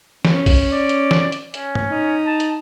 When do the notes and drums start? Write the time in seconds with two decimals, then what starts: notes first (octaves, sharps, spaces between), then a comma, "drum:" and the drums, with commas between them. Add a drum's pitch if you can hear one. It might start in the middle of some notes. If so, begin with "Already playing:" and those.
0.25 C#4, drum: snare
0.46 drum: kick A#1, open hi-hat
0.72 D5
0.89 drum: hi-hat
1.11 drum: snare
1.32 drum: hi-hat
1.54 C#4, drum: hi-hat
1.75 drum: tom
1.90 D#4
2.26 A5
2.40 drum: hi-hat